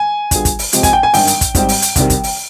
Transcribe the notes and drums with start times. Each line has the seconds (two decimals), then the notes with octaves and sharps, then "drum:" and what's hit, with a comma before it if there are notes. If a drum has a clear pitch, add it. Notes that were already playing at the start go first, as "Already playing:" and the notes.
Already playing: G#5
0.31 D3 G3 B3 F4 G#4, drum: kick, hi-hat
0.45 drum: kick, hi-hat
0.59 drum: open hi-hat
0.73 C3 F3 G#3 C4 G4, drum: hi-hat
0.83 G#5, drum: kick, hi-hat
0.93 G5
1.03 G#5
1.14 G#1 G2 D#3 G5, drum: open hi-hat
1.27 drum: hi-hat
1.41 drum: kick, hi-hat
1.55 G#2 G3 C4 G4, drum: kick, hi-hat
1.69 drum: open hi-hat
1.82 drum: hi-hat
1.96 C2 C3 D#3 G3, drum: kick, hi-hat
2.10 drum: kick, hi-hat
2.23 drum: open hi-hat